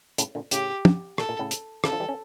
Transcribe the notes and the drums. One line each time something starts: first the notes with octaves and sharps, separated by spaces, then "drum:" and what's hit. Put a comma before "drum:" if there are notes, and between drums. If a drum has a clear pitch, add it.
A2 C#3, drum: hi-hat
A#2 D3
A2 C#3 G4, drum: hi-hat
drum: tom
A#2 A4, drum: rim click
A#2
A2 C#3
drum: hi-hat
C#3 E3 A4, drum: rim click
D3 F3
E3 G3
C#4